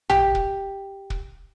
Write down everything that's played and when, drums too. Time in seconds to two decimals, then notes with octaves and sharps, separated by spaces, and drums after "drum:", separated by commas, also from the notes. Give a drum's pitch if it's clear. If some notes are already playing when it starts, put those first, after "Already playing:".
0.10 G4, drum: tom
0.35 drum: kick
1.10 drum: kick